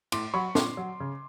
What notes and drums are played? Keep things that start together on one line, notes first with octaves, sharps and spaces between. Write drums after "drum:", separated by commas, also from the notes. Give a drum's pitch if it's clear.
A2 C6 D6, drum: cymbal
F#3 B5 C#6
A#2 C6 D6, drum: snare
F#3
C#3